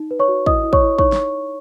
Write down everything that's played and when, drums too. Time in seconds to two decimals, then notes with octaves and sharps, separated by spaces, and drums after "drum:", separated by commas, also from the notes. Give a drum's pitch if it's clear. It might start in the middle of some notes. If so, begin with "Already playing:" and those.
Already playing: D#4
0.11 B4
0.20 C#5 C#6
0.28 F#4
0.46 E4 D#5 D#6, drum: kick
0.64 E4
0.73 C#5 C#6, drum: kick
0.82 E4
0.99 D#4 C#5 C#6, drum: kick
1.12 drum: snare